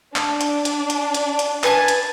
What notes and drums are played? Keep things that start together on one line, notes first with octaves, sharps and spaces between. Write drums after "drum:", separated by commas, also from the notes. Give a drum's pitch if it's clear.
D4, drum: clap
drum: hi-hat
drum: hi-hat
drum: hi-hat
drum: hi-hat
drum: hi-hat
B4 G#5 A5, drum: clap
drum: hi-hat